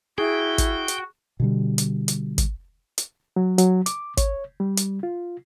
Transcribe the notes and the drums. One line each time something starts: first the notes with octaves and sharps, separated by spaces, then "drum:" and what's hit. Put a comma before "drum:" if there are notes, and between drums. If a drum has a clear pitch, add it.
E4 F#4 G#4 G5
drum: kick, hi-hat
drum: hi-hat
B2 D3 G3
drum: hi-hat
drum: hi-hat
drum: kick, hi-hat
drum: hi-hat
F#3
F#3, drum: hi-hat
D6, drum: hi-hat
C#5, drum: kick, hi-hat
G3
drum: hi-hat
F4